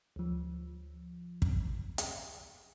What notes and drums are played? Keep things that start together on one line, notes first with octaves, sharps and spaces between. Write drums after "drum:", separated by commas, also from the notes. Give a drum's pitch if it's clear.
D2 F3
drum: kick
drum: hi-hat